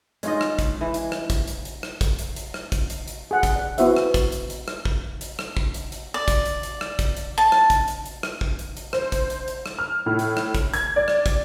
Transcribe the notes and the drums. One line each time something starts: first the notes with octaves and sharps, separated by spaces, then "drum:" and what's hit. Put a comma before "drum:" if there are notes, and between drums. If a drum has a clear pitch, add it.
G#3 C#4 D#4 F4 D#5, drum: hi-hat
drum: rim click
drum: kick, hi-hat
E3
drum: hi-hat
drum: rim click
drum: kick, hi-hat
drum: hi-hat
drum: hi-hat
drum: rim click
drum: kick, hi-hat
drum: hi-hat
drum: hi-hat
drum: rim click
drum: kick, hi-hat
drum: hi-hat
drum: hi-hat
G#4 F#5
drum: kick, hi-hat
D5
B3 E4 F#4 C5 E5, drum: hi-hat
drum: rim click
drum: kick, hi-hat
drum: hi-hat
drum: hi-hat
drum: rim click
drum: kick
drum: hi-hat
drum: rim click
drum: kick
drum: hi-hat
drum: hi-hat
D5
drum: kick, hi-hat
drum: hi-hat
drum: hi-hat
drum: rim click
drum: kick, hi-hat
drum: hi-hat
A5
drum: rim click
drum: kick, hi-hat
drum: hi-hat
drum: hi-hat
drum: rim click
drum: kick
drum: hi-hat
drum: hi-hat
C5, drum: rim click
drum: kick, hi-hat
drum: hi-hat
drum: hi-hat
drum: rim click
F6
A2
drum: hi-hat
drum: rim click
drum: kick, hi-hat
G#6, drum: hi-hat
D5
drum: rim click
drum: kick, hi-hat